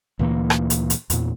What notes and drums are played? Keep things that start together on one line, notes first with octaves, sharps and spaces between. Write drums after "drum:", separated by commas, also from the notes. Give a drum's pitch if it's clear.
D2 A#2 E3 A#3
drum: rim click
drum: hi-hat
drum: hi-hat
E2 A#2, drum: hi-hat